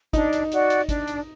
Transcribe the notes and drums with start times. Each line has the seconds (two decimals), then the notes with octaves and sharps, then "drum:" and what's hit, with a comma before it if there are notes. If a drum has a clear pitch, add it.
0.13 D4 D#4, drum: kick, hi-hat
0.32 drum: hi-hat
0.51 F#4 D5, drum: hi-hat
0.70 drum: hi-hat
0.89 D4, drum: kick, hi-hat
1.07 drum: hi-hat